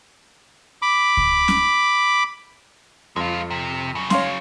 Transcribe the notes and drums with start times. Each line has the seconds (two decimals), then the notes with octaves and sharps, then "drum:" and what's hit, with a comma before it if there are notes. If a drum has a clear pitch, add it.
0.82 B5 D6
1.17 drum: kick C#2
1.48 drum: snare C#4
3.16 F2 G#3 F5
3.50 C3
3.95 C#3 F#3
4.10 C#5 F5 C6, drum: snare C#4